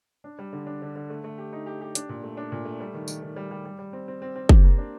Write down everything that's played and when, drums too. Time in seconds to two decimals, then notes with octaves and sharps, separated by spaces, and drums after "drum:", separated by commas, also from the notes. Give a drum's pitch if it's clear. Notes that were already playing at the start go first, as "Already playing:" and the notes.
0.24 D4
0.39 G3
0.53 D3
0.67 D4
0.82 D3
0.96 D3
1.10 A3
1.24 A3
1.38 G4
1.53 D#4
1.66 G4
1.81 G4
1.95 D4, drum: hi-hat
2.09 A#2
2.23 A3
2.37 D4
2.52 A#2
2.65 A3
2.80 G3
2.94 D#3
3.08 D#3, drum: tambourine
3.22 D#3
3.36 G3
3.51 G3
3.66 G3
3.79 G3
3.93 C4
4.08 C4
4.22 C4
4.36 C4
4.49 G4, drum: kick F#1
4.64 A#3
4.78 D4